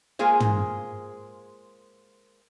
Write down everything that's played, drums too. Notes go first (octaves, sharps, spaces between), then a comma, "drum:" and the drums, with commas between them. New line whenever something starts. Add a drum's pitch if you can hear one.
G#3 A#3 F4 G#4 C5
drum: tom